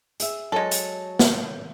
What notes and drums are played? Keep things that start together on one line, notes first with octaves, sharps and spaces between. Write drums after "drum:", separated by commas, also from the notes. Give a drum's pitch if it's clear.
G#4 E5, drum: hi-hat
F#3 G#3 A4
drum: hi-hat
drum: snare